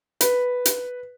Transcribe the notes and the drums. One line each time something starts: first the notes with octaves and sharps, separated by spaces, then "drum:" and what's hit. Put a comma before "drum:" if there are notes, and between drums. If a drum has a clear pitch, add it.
B4, drum: hi-hat
drum: hi-hat